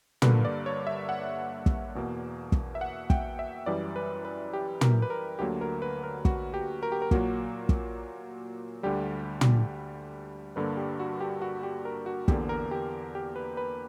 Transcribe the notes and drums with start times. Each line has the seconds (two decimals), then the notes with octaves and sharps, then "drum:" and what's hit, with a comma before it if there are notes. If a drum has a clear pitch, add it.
0.22 G2 D3 A#3 B4, drum: tom
0.45 D5
0.66 C#5
0.87 E5
1.09 F#5
1.66 drum: kick
1.95 E2 B2 A#3
2.52 drum: kick
2.75 E5
2.81 F#5
3.10 G5, drum: kick
3.39 E5
3.66 F#2 E3 G3 D5
3.96 B4
4.25 B4
4.53 G4
4.81 A#4, drum: tom
5.02 B4
5.10 A#4
5.39 D2 D3 F#3 A#3 G4
5.61 A#4
5.82 B4
6.03 A#4
6.25 F#4, drum: kick
6.54 G4
6.83 A#4
6.92 G4
7.02 A#4
7.11 A#2 F#3 A#3 F#4, drum: kick
7.69 drum: kick
8.83 D2 D3 G3 G4
9.41 drum: tom
10.56 G2 D3 A#3 B4
10.77 G4
10.99 F#4
11.20 G4
11.42 F#4
11.63 G4
11.85 A#4
12.06 F#4
12.28 E2 D3 A#3 G4, drum: kick
12.49 A#4
12.71 G4
13.15 G4
13.36 B4
13.57 B4